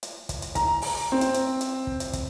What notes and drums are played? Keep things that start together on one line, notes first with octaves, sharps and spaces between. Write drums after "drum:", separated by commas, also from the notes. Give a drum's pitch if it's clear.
drum: hi-hat
drum: kick, hi-hat
drum: hi-hat
A#5, drum: kick, hi-hat
drum: open hi-hat
C4
drum: hi-hat
drum: hi-hat
drum: hi-hat
drum: kick
drum: hi-hat
drum: kick, hi-hat